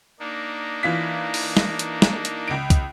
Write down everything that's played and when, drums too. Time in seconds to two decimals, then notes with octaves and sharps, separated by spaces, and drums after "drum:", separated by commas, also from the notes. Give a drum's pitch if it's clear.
0.20 A#3 D4 D#4
0.83 E3 F4 B6
1.34 drum: open hi-hat
1.57 drum: snare
1.79 drum: hi-hat
2.02 drum: snare
2.25 drum: hi-hat
2.48 C#2 D7
2.70 drum: kick, hi-hat